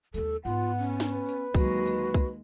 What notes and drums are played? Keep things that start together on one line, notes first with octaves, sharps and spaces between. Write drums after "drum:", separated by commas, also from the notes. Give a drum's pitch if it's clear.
D#2 G#3 A4, drum: tambourine
G#2 B3 F4 F#5
C#4
drum: snare
B4
drum: tambourine
D#2 D3 F#3 G#3 F#4, drum: kick C2, tambourine
drum: tambourine
drum: kick C2, tambourine